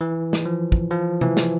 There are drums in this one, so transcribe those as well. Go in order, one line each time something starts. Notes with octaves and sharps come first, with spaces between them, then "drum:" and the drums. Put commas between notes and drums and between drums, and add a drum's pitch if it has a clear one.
E3
drum: snare
F3
drum: kick
F3
E3, drum: tom C3
drum: snare